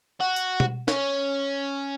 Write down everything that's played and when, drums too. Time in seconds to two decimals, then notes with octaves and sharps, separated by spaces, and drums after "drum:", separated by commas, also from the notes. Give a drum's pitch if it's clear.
0.20 F#4
0.36 drum: tambourine
0.60 drum: tom B2
0.88 C#4, drum: snare